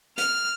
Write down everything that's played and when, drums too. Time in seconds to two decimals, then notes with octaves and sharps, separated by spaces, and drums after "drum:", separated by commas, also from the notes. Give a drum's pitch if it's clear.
0.18 F6, drum: hi-hat